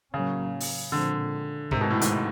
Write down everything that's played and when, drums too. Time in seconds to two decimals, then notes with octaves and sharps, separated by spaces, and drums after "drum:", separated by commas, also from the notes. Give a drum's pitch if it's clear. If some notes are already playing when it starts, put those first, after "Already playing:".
0.14 A2 C#3 F#3 A#3 C#4
0.60 drum: open hi-hat
0.92 A#2 D3 F3 G#3 C4
1.71 G#2 C3 D#3 G#3, drum: kick
1.81 B2
1.90 A2
2.01 G#2, drum: hi-hat